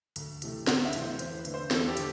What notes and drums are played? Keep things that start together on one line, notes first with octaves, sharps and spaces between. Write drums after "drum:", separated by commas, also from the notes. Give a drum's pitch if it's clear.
D2, drum: hi-hat
C3 E3 A3, drum: hi-hat
D2 F#5, drum: snare
E5
C3 E3 A3, drum: hi-hat
C5
E2 C5, drum: hi-hat
B4
D3 A3, drum: hi-hat
C5
E2 A4, drum: snare
G4
D3, drum: hi-hat